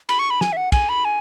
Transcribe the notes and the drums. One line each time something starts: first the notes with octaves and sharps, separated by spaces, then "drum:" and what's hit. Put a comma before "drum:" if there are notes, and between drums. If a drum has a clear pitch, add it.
B5, drum: cymbal
C#6
B5
G#5, drum: snare
E5
F#5
G#5, drum: kick, cymbal
B5
G#5